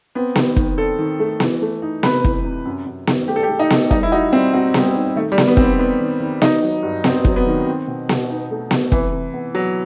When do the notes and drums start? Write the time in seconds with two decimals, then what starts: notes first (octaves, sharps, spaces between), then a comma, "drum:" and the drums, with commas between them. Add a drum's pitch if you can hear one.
0.15 B3 C4
0.36 D#3, drum: snare B3
0.56 D#3, drum: kick
0.78 C4 A4
0.99 D#3
1.20 A3
1.40 E3, drum: snare B3
1.62 A3
1.82 D#4
2.03 C3 B4, drum: snare B3
2.24 E3, drum: kick
2.45 C3
2.65 F#2
2.86 F#2
3.07 D#3, drum: snare B3
3.28 A3 G4
3.36 A4
3.43 G4
3.49 A3
3.59 D#4
3.70 A3, drum: snare B3
3.91 G3 D#4, drum: kick
4.03 E4
4.12 D#4 F#4
4.33 G3 C4
4.54 C4 F#4
4.74 G3, drum: snare B3
4.96 D#4
5.16 D#3 A3
5.32 G3
5.38 D#3, drum: snare B3
5.48 B3
5.57 D#3 C4, drum: kick
5.63 B3
5.78 B3 D#4
6.00 D#3
6.20 D#3
6.42 D#3 D#4, drum: snare B3
6.63 F#3
6.83 G2
7.04 B3 C4, drum: snare B3
7.25 F#3, drum: kick
7.36 B3
7.47 D#3
7.66 C4
7.87 B2
8.09 B2, drum: snare B3
8.30 D#4
8.51 A3
8.71 A3, drum: snare B3
8.92 C3 E3, drum: kick
9.13 C3
9.34 B3
9.55 F#3 B3